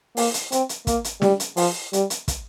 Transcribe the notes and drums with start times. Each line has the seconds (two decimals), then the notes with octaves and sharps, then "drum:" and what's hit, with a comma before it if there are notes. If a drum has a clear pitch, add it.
0.17 A#3, drum: open hi-hat
0.34 drum: hi-hat
0.52 C4, drum: hi-hat
0.69 drum: hi-hat
0.87 A#3, drum: kick, hi-hat
1.04 drum: hi-hat
1.22 G3, drum: snare
1.40 drum: hi-hat
1.57 F3, drum: open hi-hat
1.93 G3, drum: hi-hat
2.10 drum: hi-hat
2.28 drum: kick, hi-hat